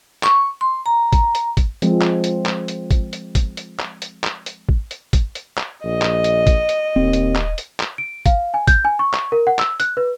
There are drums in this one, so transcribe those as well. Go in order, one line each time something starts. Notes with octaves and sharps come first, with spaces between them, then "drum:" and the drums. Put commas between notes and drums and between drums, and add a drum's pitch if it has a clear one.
C#6, drum: clap
C6
A#5
drum: kick, hi-hat
drum: hi-hat
drum: kick, hi-hat
F3 G#3 C4, drum: hi-hat
drum: clap
drum: hi-hat
drum: clap
drum: hi-hat
drum: kick, hi-hat
drum: hi-hat
drum: kick, hi-hat
drum: hi-hat
drum: clap
drum: hi-hat
drum: clap
drum: hi-hat
drum: kick
drum: hi-hat
drum: kick, hi-hat
drum: hi-hat
drum: clap
A#1 D#5
drum: clap
drum: hi-hat
drum: kick, hi-hat
drum: hi-hat
D#1 D#2 C4
drum: hi-hat
drum: clap
drum: hi-hat
drum: clap
D7
F5, drum: kick, hi-hat
G#5
G6, drum: kick, hi-hat
G#5
C#6
drum: clap
A#4
F#5
E6, drum: clap
F#6, drum: hi-hat
B4